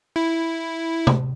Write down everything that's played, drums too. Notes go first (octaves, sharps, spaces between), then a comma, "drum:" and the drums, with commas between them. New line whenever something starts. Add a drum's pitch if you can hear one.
E4
drum: tom C3